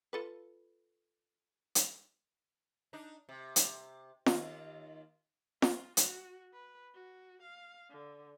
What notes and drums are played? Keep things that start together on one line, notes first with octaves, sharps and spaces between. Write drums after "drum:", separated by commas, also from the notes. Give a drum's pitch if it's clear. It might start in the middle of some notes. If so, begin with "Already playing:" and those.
F4 A4 B4
drum: hi-hat
D4 D#4
C3
drum: hi-hat
D#2 F4 D#5, drum: snare F4
F4, drum: snare F4
F#4, drum: hi-hat
B4
F#4
F5
D3